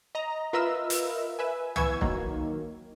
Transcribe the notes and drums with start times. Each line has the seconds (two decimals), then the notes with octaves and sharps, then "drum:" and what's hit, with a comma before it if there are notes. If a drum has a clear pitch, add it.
0.15 D#5 A#5
0.53 F4 A#4 B4 D#5 E5 E6
0.90 drum: hi-hat
1.39 B4 E5 G#5
1.76 E3 B3 G#5 C#6 E6 G#6, drum: tom
2.01 D#3 F#3 A#3, drum: kick